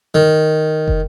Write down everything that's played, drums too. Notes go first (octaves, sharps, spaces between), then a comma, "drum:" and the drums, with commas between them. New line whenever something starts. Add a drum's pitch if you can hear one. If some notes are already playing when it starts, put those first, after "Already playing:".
D#3
drum: kick